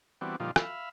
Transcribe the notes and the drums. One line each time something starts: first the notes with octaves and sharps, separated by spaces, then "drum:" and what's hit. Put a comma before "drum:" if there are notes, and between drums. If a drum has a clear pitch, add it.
E3 G3 B3 C4 D4 F#4
A#2 D3 F3 G3 D#4 F4
E5 F5 B5, drum: rim click